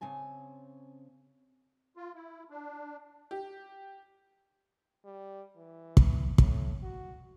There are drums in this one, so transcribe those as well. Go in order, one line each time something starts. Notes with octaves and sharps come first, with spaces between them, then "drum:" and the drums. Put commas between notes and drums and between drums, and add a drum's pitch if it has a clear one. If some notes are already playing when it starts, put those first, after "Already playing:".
C#3 C4 G#5 A5
F4
E4
D4
G4
G3
E3
drum: kick
A2, drum: kick
F#4